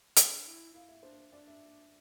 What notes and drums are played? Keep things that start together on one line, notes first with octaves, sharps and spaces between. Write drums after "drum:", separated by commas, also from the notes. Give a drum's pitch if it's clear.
D4 G#5, drum: hi-hat
E4
E4 F5
E5
D4 C5
D4 D5
E5